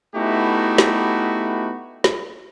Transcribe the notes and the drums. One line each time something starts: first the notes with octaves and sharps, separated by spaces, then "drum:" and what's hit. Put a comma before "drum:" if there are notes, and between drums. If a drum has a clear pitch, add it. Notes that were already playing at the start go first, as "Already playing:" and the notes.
A3 B3 D#4 E4 F#4 G4
drum: snare
drum: snare